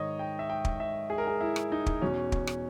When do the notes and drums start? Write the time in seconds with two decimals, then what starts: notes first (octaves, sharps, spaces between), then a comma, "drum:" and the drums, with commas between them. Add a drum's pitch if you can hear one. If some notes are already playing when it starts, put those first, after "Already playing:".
Already playing: G#2 D#3 C#5 D#5
0.19 G5
0.39 E5
0.50 G5
0.65 drum: kick
0.80 E5
1.10 G#4
1.18 A#4
1.27 G#4
1.41 E4
1.56 drum: rim click
1.72 D#4
1.86 drum: kick
2.02 E2 B2 C#4
2.32 drum: kick
2.47 drum: rim click